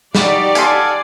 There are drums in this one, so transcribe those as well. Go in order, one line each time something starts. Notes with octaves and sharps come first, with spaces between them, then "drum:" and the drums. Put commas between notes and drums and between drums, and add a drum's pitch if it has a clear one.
D#4 F#4 G4 D5, drum: snare
A4 F5 F#5 G#5 C6, drum: hi-hat